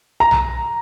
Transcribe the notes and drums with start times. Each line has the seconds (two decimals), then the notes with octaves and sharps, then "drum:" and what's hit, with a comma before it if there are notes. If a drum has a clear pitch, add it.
0.20 A#5
0.31 drum: tom B1